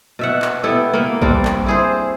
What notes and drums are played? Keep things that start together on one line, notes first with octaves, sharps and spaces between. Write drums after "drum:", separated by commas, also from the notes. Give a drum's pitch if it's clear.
B2 E5 F#5
drum: clap
B3 E4 G4 A4
A#3 B3
G3 A#3 C4 D4, drum: kick A1
drum: clap
E4 G#4 C5